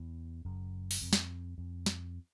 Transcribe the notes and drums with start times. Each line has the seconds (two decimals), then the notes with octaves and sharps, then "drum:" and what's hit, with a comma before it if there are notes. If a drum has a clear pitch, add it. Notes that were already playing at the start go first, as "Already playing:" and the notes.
Already playing: E2
0.45 F#1 F#2
0.91 drum: open hi-hat
1.02 F2
1.13 drum: snare
1.58 F2
1.86 drum: snare